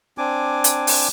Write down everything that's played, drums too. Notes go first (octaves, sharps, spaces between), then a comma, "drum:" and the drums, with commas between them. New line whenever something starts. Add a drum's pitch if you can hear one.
C4 D4 G#5 D6
drum: hi-hat
drum: open hi-hat